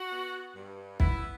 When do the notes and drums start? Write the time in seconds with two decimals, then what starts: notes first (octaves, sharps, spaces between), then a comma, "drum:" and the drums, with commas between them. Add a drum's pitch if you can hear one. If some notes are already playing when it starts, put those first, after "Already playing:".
Already playing: F#4
0.10 B3
0.56 G2
1.00 B3 E4, drum: kick